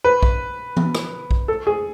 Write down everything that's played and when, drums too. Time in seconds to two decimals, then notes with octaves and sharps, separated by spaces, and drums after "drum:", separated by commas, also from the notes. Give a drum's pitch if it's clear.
0.04 B4
0.23 drum: kick B1
0.77 drum: tom E3
0.95 drum: rim click
1.31 drum: kick B1
1.48 A4
1.67 G#4